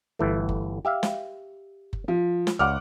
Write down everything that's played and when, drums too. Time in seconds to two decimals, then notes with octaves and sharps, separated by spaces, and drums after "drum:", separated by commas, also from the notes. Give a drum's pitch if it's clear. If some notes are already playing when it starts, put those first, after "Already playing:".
0.19 G1 E3 A3
0.49 drum: kick F#1
0.85 G4 E5 F5
1.03 drum: snare
1.93 drum: kick F#1
2.08 F3
2.47 drum: snare
2.59 C#2 F#5 D6 F6